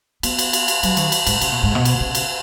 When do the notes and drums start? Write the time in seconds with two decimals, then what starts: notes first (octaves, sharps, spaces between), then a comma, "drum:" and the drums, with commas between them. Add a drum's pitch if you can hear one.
0.23 B3, drum: cymbal
0.39 drum: cymbal
0.53 drum: cymbal
0.68 drum: cymbal
0.83 F#3, drum: cymbal
0.97 D#3, drum: cymbal
1.12 drum: cymbal
1.27 G#2, drum: cymbal
1.41 C#3, drum: cymbal
1.52 B2
1.63 G#2
1.75 B2
1.85 drum: cymbal
2.00 C#3
2.15 drum: cymbal